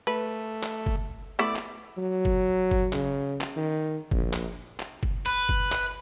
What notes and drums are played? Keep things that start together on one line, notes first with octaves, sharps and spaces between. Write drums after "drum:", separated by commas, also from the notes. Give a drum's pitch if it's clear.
A3 B4
drum: clap
drum: kick F#1
A3 B3 E4 D5
drum: clap
F#3
drum: kick F#1
drum: kick F#1
C#3, drum: clap
drum: clap
D#3
A#1, drum: kick F#1
drum: clap
drum: clap
drum: kick F#1
B4
drum: kick F#1
drum: clap